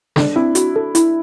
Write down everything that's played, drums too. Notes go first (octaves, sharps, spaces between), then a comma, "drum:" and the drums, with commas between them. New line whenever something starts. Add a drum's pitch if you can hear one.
D4 A4, drum: snare
C4 E4
F#4, drum: hi-hat
A4
E4, drum: hi-hat